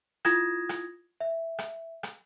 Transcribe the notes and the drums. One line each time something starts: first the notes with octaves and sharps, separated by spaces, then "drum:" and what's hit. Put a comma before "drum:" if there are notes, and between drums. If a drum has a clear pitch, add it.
E4 F4 D#6 G#6 A#6 E7, drum: rim click
drum: rim click
E5
drum: rim click
drum: rim click